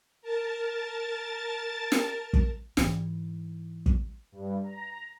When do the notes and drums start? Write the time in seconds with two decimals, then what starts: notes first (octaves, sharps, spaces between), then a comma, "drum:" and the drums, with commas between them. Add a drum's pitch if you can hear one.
0.22 A#4 A5 A6
1.92 drum: snare
2.33 drum: kick
2.77 G#2 E3, drum: snare
3.86 drum: kick
4.32 G2
4.64 A#5